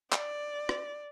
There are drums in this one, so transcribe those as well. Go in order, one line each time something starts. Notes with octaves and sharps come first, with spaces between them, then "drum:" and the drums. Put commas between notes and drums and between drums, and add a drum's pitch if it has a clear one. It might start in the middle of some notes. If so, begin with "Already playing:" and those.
D5, drum: clap
drum: rim click